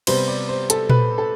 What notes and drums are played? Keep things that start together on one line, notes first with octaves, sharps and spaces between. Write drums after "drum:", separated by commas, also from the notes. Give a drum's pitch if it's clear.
C3 G3 B3 C5, drum: cymbal
D5
C5
A4, drum: hi-hat
B4, drum: tom A#2
A4